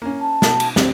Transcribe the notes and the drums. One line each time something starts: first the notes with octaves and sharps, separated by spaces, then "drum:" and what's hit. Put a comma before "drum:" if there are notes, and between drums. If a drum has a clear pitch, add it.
A#3 C#4
A5
B2, drum: snare
drum: cymbal
D2 G3 C4, drum: snare